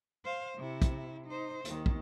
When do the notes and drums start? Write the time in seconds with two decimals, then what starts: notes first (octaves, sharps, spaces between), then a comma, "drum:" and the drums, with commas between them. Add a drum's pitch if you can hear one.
0.25 C5 F5
0.58 C3 E4
0.82 drum: kick, hi-hat
1.26 D#4 C5
1.65 D#2 D#3, drum: hi-hat
1.86 drum: kick